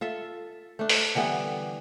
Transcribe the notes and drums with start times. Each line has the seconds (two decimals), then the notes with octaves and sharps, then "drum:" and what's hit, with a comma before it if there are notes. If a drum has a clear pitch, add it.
0.01 F4 A4 E5
0.79 A3 D4
0.89 drum: open hi-hat
1.15 D3 E3 G3 B3